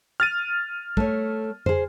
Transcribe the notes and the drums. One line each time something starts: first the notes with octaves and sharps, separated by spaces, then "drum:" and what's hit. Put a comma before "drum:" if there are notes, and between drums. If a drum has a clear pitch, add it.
F6 A6 D#7
A3 C#5, drum: kick
G#4 C5, drum: tom